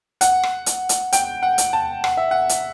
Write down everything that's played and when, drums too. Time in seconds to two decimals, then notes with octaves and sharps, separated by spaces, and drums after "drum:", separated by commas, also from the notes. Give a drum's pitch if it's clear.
0.21 F#5, drum: hi-hat
0.43 drum: rim click
0.66 drum: hi-hat
0.89 drum: hi-hat
1.13 G5, drum: hi-hat
1.43 F#5
1.58 drum: hi-hat
1.73 A5
2.04 F#5, drum: rim click
2.17 E5
2.31 F#5
2.49 drum: hi-hat